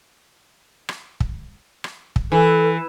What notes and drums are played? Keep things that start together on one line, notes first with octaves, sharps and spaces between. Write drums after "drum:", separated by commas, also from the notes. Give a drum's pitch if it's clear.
drum: rim click
drum: kick
drum: rim click
drum: kick
E3 A4